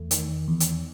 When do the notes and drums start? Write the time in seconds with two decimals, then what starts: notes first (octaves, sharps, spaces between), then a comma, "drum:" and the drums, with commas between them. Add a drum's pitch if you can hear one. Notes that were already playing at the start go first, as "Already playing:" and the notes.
Already playing: E2 A3
0.11 D#3, drum: hi-hat
0.48 E2
0.60 drum: hi-hat